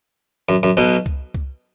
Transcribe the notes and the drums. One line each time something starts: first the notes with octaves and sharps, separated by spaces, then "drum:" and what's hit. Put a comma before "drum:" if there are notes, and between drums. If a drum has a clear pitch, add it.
F#2
F#2
B1 B2
drum: kick C2
drum: kick C2